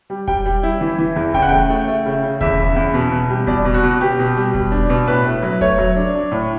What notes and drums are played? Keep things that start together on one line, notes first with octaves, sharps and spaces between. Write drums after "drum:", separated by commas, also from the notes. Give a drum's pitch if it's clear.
G3
G3 G5, drum: kick E1
G3
E4
E3
E3
E2
C#3 G5, drum: kick E1
F#5
A3 G5
A3
A3
C#3
C#3
E2 E5, drum: kick E1
C#3
E2
B2
B2
G3
B2 D5, drum: kick E1
B2
F#4
B2
B2 G4
B2
G3
B2, drum: kick E1
D4
B2
A2 B4
A3
F#3
A3 C#5, drum: kick E1
F#3
D4
D4
A2